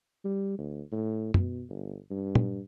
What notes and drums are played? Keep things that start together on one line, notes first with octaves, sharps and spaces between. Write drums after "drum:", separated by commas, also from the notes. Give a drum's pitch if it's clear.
G3
D2
A2
B2, drum: tom
G1
G2
drum: tom